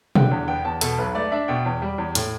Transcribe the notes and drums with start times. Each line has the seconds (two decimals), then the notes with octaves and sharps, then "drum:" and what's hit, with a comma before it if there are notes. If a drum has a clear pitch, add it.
0.15 D3 G5, drum: tom B2
0.31 E2
0.48 B3 G5
0.65 E2 A5
0.81 B2 A4, drum: hi-hat
0.98 B1 B4
1.15 A3 D5
1.31 D4 E5
1.48 B2 G5
1.66 E2
1.82 G3
1.98 E2
2.15 A2, drum: hi-hat